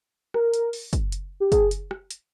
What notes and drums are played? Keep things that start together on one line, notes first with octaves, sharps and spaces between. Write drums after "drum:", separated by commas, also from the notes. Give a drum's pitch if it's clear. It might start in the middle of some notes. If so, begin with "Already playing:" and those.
A#4, drum: rim click
drum: hi-hat
drum: open hi-hat
drum: kick, hi-hat
drum: hi-hat
G4
G#4, drum: kick, hi-hat
drum: hi-hat
drum: rim click
drum: hi-hat